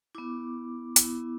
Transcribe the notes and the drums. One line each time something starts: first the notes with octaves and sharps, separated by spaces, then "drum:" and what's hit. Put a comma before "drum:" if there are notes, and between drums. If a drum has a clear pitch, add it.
B3 E4 D6
B3 E4, drum: hi-hat